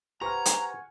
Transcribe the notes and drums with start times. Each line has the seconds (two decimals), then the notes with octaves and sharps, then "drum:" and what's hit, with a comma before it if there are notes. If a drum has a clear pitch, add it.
0.21 G4 B4 C5 F#5 G#5 A#5 C#6 F6
0.45 drum: hi-hat